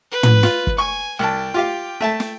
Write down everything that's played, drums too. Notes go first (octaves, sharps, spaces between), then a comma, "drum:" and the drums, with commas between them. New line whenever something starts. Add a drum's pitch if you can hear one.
B4
drum: tom
F4, drum: snare
drum: kick
G#5 C#6
C2 G5 A5
F4 G4 F5
A3 E5 A5
drum: snare